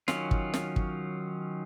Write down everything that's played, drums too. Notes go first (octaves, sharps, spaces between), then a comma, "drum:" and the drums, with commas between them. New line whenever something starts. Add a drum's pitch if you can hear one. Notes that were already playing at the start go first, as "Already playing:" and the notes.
D#3 F#3 C#4 F4, drum: snare
drum: kick
drum: snare
drum: kick